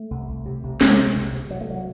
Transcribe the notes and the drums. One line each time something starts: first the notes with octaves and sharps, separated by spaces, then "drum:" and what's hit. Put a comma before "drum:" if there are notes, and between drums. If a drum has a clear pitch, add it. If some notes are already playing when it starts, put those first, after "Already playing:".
Already playing: A3
C2
C2
C3
C2
C2, drum: snare
C3
C2
C3
C3 F#3
A3
F#3